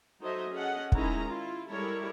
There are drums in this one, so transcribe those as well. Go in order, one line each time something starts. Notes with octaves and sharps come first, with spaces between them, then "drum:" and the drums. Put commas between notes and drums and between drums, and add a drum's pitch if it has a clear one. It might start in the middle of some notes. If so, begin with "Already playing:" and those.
F#3 D#4 A4 C5 D#5 E5
C#4 G#4 A4 D#5 F#5
D#3 G#3 C#4 D#4 E4 A#5, drum: kick
E4 F4
G3 G#3 E4 A4 A#4 C#5